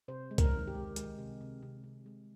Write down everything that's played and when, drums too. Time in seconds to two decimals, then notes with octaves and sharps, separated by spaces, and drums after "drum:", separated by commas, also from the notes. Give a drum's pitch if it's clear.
0.08 C3 C5
0.31 G#3
0.38 A#4, drum: kick C2, hi-hat
0.53 D#3
0.67 G4
0.75 G#3
0.96 G#3, drum: hi-hat
1.18 C3
1.41 C3
1.62 C3
1.84 C3
2.06 G#3